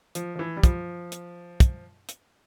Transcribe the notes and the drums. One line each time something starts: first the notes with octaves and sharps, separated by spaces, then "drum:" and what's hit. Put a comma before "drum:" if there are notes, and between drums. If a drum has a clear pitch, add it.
F3, drum: hi-hat
F3
E3
G3
F3, drum: kick, hi-hat
drum: hi-hat
drum: kick, hi-hat
drum: hi-hat